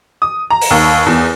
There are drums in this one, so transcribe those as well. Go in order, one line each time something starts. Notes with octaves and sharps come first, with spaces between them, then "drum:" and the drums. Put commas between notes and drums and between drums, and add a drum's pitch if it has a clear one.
D#6
A#5
drum: open hi-hat
D#2
E2